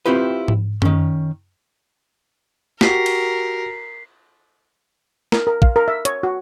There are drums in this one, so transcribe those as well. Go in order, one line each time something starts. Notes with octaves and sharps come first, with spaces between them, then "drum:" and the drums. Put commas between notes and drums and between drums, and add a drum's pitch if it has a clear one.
C4 E4 F4 G4 B4
drum: tom G#2
D#3 C#4, drum: tom F#2
F#4 G4 A#4 B6 C7, drum: snare
drum: cymbal
A#4, drum: snare
A#4
F5, drum: kick
A#4
E5
C#5, drum: hi-hat
F#4